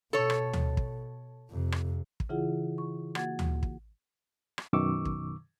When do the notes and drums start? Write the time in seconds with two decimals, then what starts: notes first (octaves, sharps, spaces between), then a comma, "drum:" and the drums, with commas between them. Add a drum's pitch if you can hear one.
0.13 B2 A4 C#5
0.30 drum: rim click
0.53 drum: tom
0.77 drum: kick
1.50 F2 C3
1.72 drum: rim click
2.20 drum: kick
2.29 C#3 E3 E4 F4 G#4 F#5
2.78 C#6
3.15 A#3 F#4 F#5 G#6 A6, drum: rim click
3.39 drum: tom
3.63 drum: kick
4.58 drum: rim click
4.73 F#2 B2 D#3 C#6 D6 E6
5.05 drum: kick